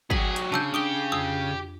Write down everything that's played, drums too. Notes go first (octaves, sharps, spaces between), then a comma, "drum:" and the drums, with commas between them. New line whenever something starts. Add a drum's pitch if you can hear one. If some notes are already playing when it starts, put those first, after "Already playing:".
F#3 G4 G#4 B6 F#7, drum: kick
drum: hi-hat
C#3 D4 A5 E6 G6
D4 G4 D#6 D7 G7
F2 D#6 E6